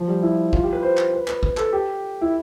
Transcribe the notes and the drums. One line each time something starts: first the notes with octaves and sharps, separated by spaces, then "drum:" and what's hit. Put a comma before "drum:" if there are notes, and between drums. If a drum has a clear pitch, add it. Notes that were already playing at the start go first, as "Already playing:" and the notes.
Already playing: F3
G3
E4
F4, drum: kick
G4
B4
C5
drum: clap
B4
B4, drum: clap
B4, drum: kick
A4, drum: clap
G4
E4